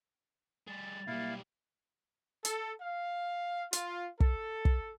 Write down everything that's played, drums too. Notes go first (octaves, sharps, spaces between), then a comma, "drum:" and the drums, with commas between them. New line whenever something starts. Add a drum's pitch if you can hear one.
G3 G#4 A6
B1 G3 A#3 E4 F5
A4, drum: hi-hat
F5
F4, drum: hi-hat
A4, drum: kick
drum: kick